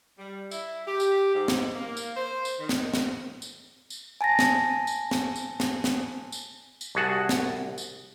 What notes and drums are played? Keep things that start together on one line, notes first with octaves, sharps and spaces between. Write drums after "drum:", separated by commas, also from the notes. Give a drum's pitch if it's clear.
G3
E4, drum: tambourine
G4
drum: tambourine
G#2
drum: snare
A#3
drum: tambourine
C5
drum: tambourine
D#3
drum: snare
drum: snare
drum: tambourine
drum: tambourine
G#5 A5 A6 A#6
drum: snare
drum: tambourine
drum: snare
drum: tambourine
drum: snare
drum: snare
drum: tambourine
drum: tambourine
C2 F#4 G#4 F#5 A5
drum: snare
drum: tambourine